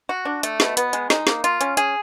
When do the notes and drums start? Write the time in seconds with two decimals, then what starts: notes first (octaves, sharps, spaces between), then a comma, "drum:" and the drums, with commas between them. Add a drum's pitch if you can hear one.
0.09 F#4
0.25 D4
0.43 A3, drum: hi-hat
0.60 B2, drum: snare
0.77 B3, drum: hi-hat
0.93 G#3, drum: hi-hat
1.10 D#4, drum: snare
1.27 A#3, drum: snare
1.44 F4, drum: hi-hat
1.61 C#4, drum: hi-hat
1.77 G#4, drum: hi-hat